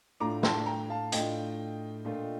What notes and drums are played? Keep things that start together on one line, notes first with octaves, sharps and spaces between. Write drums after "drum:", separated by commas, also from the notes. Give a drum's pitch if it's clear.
A2 A3 D4 F4 A#5 D6
A5 C6, drum: snare
G5 A#5
F5 A5
A2 A3 D4 F4 D#5 G5, drum: hi-hat
A#2 A3 D4 F4